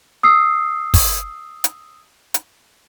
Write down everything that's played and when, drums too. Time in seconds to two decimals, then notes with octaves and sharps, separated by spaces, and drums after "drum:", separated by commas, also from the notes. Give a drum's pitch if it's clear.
0.23 D#6 E6 C7
0.94 drum: kick, open hi-hat
1.64 drum: hi-hat
2.34 drum: hi-hat